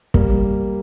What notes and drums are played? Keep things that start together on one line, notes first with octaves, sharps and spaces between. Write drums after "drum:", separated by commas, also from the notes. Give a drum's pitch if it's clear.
G3 A#3, drum: kick